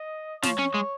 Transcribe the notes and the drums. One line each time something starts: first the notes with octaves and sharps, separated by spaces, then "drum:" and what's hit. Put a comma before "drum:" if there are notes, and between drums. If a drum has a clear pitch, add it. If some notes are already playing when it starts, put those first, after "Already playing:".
Already playing: D#5
F3 C#5, drum: snare
C#4
G#3